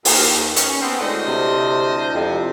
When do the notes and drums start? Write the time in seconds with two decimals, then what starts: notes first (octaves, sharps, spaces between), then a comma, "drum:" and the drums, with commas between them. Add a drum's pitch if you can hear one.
0.05 D#2 B4, drum: open hi-hat
0.56 C#4, drum: hi-hat
0.82 B3 C4 A5
1.00 D2 A2 G#3 D4 C5 D#5
1.27 C3
2.14 F2 C3